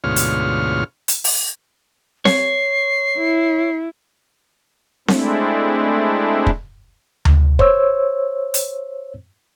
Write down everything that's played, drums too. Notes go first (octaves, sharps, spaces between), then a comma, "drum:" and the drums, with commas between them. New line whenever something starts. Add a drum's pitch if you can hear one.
D2 G#2 B2 F4 C#5 F6
drum: hi-hat
drum: hi-hat
drum: open hi-hat
C#5 C7, drum: snare C4
E4
G#3 A3 C4 D4 E4, drum: snare C4
drum: kick
drum: tom D2
C5 C#5 E6, drum: kick
drum: hi-hat